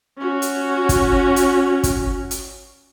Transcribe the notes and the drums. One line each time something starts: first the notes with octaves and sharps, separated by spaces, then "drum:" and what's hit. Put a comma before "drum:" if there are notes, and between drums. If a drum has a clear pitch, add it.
C#4 F#4
drum: hi-hat
drum: kick, hi-hat
drum: hi-hat
drum: kick, hi-hat
drum: hi-hat